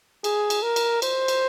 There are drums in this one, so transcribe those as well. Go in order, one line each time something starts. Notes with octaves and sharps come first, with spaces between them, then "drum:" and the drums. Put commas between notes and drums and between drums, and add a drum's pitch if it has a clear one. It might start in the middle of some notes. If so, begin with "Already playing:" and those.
G#4, drum: cymbal
drum: cymbal
A#4
drum: cymbal
C5, drum: cymbal
drum: cymbal